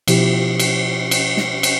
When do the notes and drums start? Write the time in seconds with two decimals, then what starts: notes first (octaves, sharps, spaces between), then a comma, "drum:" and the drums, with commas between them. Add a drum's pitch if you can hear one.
0.08 B2 F3 E4 G4, drum: cymbal
0.59 drum: cymbal
1.11 drum: cymbal
1.37 drum: snare
1.63 drum: cymbal